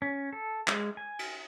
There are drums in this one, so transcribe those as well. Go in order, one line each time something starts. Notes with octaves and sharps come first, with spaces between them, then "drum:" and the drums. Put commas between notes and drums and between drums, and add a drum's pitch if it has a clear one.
C#4
A4
G#3, drum: clap
G#5
drum: cymbal